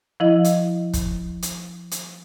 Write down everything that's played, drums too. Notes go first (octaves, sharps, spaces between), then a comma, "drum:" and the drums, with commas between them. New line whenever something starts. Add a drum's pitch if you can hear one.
F3 E4 D#5
drum: hi-hat
drum: kick, hi-hat
drum: hi-hat
drum: hi-hat